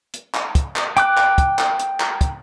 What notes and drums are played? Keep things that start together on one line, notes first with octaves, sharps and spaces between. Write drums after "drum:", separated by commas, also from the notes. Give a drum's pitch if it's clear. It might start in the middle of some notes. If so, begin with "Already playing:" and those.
drum: hi-hat
drum: clap
drum: kick, hi-hat
drum: clap
G5 D6 F#6, drum: hi-hat
drum: clap
drum: kick, hi-hat
drum: clap
drum: hi-hat
drum: clap
drum: kick, hi-hat